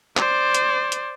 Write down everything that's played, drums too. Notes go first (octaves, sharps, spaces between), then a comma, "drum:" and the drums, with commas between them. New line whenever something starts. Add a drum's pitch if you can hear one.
C5 D5, drum: clap
drum: hi-hat
drum: hi-hat